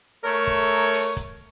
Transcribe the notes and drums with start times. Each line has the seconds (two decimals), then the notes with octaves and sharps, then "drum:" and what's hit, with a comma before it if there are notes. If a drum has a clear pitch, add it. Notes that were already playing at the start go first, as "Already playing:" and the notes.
0.24 A3 A#4 C#5
0.47 drum: kick
0.93 drum: open hi-hat
1.17 drum: kick, hi-hat